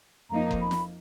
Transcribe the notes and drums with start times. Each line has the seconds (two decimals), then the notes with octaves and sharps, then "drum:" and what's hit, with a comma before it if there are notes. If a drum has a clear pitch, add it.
0.30 F2 F3 A#3 D#4 A#5
0.51 drum: kick F#1
0.61 B5
0.71 drum: snare